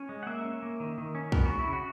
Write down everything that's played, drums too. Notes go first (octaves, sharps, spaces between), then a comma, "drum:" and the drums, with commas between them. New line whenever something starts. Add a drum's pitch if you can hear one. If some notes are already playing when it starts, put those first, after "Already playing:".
Already playing: C#4
G#3
F#5
A#3 E5
C#4
A#3
D#3
D#3
C#4
B3 A#4, drum: kick
C#3 F#4
E4
C#3
F#4